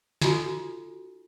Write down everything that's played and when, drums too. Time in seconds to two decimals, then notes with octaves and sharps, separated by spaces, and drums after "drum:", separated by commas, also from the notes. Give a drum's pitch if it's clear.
0.21 D#4 F4 F#4 A4, drum: snare